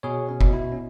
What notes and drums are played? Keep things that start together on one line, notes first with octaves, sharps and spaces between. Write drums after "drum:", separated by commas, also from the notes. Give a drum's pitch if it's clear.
B2 G#4 C#5
C#4
B2, drum: kick
E4
C#4